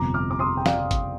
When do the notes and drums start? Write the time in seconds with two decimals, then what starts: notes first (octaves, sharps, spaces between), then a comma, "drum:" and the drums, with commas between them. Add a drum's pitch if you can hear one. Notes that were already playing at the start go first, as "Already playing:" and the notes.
Already playing: G1 F2 C3 A#5 D6
0.14 D6 F6
0.31 D6
0.39 C6 D#6
0.57 G5
0.66 D5 F5, drum: snare
0.91 drum: kick, hi-hat